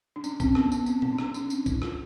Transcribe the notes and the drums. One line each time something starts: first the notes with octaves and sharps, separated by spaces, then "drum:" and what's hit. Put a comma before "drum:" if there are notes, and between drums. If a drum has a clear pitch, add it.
D4
C#4, drum: tambourine
C4, drum: kick, tambourine
B3, drum: rim click
B3, drum: tambourine
C4, drum: tambourine
C4, drum: tom
D4
C#4, drum: rim click
D4, drum: tambourine
C4, drum: tambourine
E4, drum: kick, tambourine
F4, drum: rim click